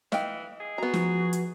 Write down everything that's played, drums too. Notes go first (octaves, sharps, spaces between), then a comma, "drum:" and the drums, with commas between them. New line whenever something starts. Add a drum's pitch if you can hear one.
E3 D#5 F5 G5, drum: snare
G#4
B3 F#4 A#5
F3, drum: snare
drum: hi-hat